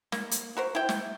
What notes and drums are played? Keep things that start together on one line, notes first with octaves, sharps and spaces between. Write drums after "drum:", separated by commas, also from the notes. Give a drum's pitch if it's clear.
A#3, drum: snare
drum: hi-hat
F#4 A#4 C5
E4 G5
drum: snare